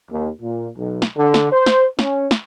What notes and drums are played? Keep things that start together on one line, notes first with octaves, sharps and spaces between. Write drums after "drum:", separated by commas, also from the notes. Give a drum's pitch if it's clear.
D#2
A#2
B1
drum: snare
D3
drum: snare
C5
drum: snare
C#4, drum: snare
drum: snare